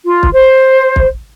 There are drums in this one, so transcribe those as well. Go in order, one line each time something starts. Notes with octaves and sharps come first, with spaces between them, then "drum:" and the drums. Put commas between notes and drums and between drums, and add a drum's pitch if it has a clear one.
F4
drum: kick
C5
drum: kick